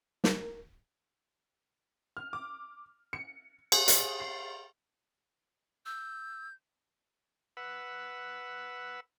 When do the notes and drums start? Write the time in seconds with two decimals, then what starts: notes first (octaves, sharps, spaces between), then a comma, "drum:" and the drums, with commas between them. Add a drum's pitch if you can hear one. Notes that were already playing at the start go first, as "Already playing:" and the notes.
0.24 A#4, drum: snare
2.17 F6
2.33 D6
3.13 C#7
3.72 G#4, drum: cymbal
3.88 drum: hi-hat
4.20 C7
5.86 E6 G6
7.57 B4 F#5 E6